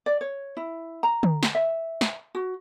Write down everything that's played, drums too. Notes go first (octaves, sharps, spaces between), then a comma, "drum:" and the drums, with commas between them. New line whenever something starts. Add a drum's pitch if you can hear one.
D5
C#5
E4
A#5
drum: tom
drum: snare
E5
drum: snare
F#4